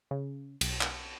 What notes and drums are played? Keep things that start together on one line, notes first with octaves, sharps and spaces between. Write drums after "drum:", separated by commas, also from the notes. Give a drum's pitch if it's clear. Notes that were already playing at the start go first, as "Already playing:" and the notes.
C#3
B1, drum: cymbal
drum: clap